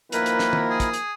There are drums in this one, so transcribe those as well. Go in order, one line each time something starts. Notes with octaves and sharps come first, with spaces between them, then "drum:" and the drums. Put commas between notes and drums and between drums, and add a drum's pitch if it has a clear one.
D#3 F3 A#3 E4 A#4 B4, drum: hi-hat
drum: hi-hat
drum: snare
drum: tom D#3
G#4
drum: kick, hi-hat
drum: hi-hat